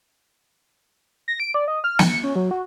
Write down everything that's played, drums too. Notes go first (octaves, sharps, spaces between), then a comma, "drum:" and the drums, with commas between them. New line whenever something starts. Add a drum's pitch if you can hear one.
A#6
D7
D5
D#5
F6
C#7, drum: snare
C#4
F#3
F#4